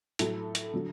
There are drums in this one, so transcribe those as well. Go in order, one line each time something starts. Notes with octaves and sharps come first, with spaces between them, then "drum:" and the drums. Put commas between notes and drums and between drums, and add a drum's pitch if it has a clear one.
A2 F#3 A4, drum: hi-hat
drum: hi-hat
D3 F#3